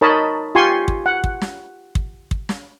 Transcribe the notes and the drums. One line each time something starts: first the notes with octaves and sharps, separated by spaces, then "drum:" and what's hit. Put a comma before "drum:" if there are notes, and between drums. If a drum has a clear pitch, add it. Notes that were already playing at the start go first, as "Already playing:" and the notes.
D#4 A#4 C#5 D#5 A5 B5
F4 G4 G#5 C6 C#6
drum: kick
F#5
drum: kick
drum: snare
drum: kick
drum: kick
drum: snare